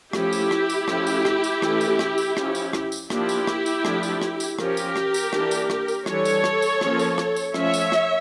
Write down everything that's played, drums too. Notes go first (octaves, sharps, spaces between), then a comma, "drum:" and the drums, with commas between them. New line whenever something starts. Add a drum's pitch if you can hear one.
F3 A3 C#4 E4 G4, drum: rim click
drum: tambourine
drum: rim click
drum: tambourine
F3 A3 C#4, drum: rim click
drum: tambourine
drum: rim click
drum: tambourine
E3 A3 C#4, drum: rim click
drum: tambourine
drum: rim click
drum: tambourine
F3 C#4, drum: rim click
drum: tambourine
drum: rim click
drum: tambourine
F3 A#3 D4 E4 G4, drum: rim click
drum: tambourine
drum: rim click
drum: tambourine
F3 A3 D4, drum: rim click
drum: tambourine
drum: rim click
drum: tambourine
F3 C#4 G4 A#4, drum: rim click
drum: tambourine
drum: rim click
drum: tambourine
E3 A#3 D4, drum: rim click
drum: tambourine
drum: rim click
drum: tambourine
E3 G3 D4 A4 C#5, drum: rim click
drum: tambourine
drum: rim click
drum: tambourine
F3 A#3 C#4, drum: rim click
drum: tambourine
drum: rim click
drum: tambourine
F3 A3 C#4 C#5 E5, drum: rim click
drum: tambourine
drum: rim click